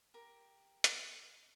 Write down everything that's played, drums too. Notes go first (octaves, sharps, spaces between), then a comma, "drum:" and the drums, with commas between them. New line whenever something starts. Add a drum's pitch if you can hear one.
G4 A#4
drum: hi-hat